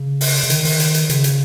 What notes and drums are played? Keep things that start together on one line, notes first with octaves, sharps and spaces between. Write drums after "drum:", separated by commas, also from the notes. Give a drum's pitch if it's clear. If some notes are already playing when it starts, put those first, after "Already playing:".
Already playing: C#3
drum: open hi-hat
C#3
D#3, drum: hi-hat
D#3, drum: open hi-hat
drum: hi-hat
drum: hi-hat
C#3, drum: hi-hat
drum: hi-hat